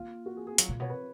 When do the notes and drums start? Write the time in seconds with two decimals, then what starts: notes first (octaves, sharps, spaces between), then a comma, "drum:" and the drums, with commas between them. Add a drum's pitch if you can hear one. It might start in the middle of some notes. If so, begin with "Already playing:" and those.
Already playing: A#3 F4
0.26 F#4
0.37 G#4
0.47 G#4
0.58 F#3 F4, drum: hi-hat
0.69 A#2
0.80 B2 C#5
0.90 B4